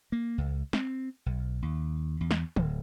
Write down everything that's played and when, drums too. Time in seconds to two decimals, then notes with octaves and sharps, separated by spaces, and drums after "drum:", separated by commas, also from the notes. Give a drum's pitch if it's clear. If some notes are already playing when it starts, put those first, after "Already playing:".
0.12 A#3
0.38 C#2
0.73 C4, drum: snare
1.26 B1
1.62 D#2
2.21 E2
2.31 drum: snare
2.56 D1, drum: tom D3